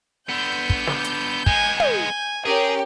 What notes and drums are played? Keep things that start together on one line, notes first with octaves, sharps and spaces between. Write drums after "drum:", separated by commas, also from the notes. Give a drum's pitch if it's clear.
D3 B3 G6
drum: kick
drum: snare
drum: hi-hat
G#3 B3 G#5, drum: kick
G#5, drum: tom
C#4 G4 G#4 A#4